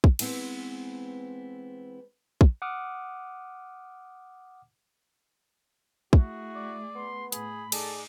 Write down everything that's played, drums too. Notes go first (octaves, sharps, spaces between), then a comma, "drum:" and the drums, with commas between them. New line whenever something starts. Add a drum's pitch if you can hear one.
drum: kick
E3 G#3 B3 C4 E4, drum: cymbal
drum: kick
F#5 D6 D#6 F6
A3 E4 F#4 G#4, drum: kick
D5
B3 C6
A2 G#4 B5, drum: hi-hat
D#4 G#4 A4 D5, drum: cymbal